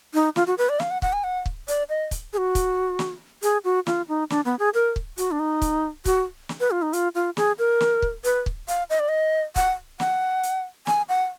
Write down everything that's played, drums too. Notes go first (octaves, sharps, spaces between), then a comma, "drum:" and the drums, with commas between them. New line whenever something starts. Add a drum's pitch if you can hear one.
D#4
F4, drum: snare
F#4
B4
D5
F5, drum: snare
F#5
F#5, drum: kick
G#5
F#5
drum: kick
D5, drum: hi-hat
D#5
drum: kick, hi-hat
G#4
F#4
drum: kick, hi-hat
drum: snare
G#4, drum: hi-hat
F#4
F4, drum: snare
D#4
D4, drum: snare
B3
G#4
A#4
drum: kick
F#4, drum: hi-hat
D4
D#4
drum: kick, hi-hat
F#4, drum: kick, hi-hat
drum: snare
B4
F4
D#4
F4, drum: hi-hat
F4
G#4, drum: snare
A#4
drum: snare
drum: kick
B4, drum: hi-hat
drum: kick
F5, drum: hi-hat
D#5
D5
D#5
F#5, drum: kick, hi-hat
F#5, drum: snare
drum: hi-hat
G#5, drum: snare
F#5